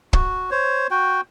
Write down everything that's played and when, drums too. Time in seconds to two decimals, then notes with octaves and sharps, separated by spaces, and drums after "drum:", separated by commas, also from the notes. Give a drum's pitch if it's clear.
0.13 F#4, drum: kick
0.51 C5 C#5
0.91 F#4 G5